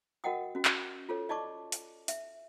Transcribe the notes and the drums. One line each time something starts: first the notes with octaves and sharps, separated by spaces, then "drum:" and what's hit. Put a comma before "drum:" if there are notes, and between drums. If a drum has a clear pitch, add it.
F#4 A#4 D#5 F#5 G5 D#6
C#4 F#4
drum: clap
F4 A4 C#5
D5 D#5 A5 C#6 D6
drum: hi-hat
E5, drum: hi-hat